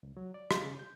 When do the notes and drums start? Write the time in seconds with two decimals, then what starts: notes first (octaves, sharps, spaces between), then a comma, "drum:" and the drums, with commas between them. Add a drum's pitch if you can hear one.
0.03 C#2
0.17 F#3
0.34 D5
0.51 F5, drum: rim click
0.63 C#3
0.79 G6